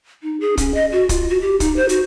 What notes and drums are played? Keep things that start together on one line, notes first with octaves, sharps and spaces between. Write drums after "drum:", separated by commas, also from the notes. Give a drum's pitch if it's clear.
D#4
G#4
C#4, drum: kick, hi-hat
D#5
F#4
F4, drum: kick, hi-hat
F#4
G4
D#4, drum: kick, hi-hat
C5
F#4, drum: hi-hat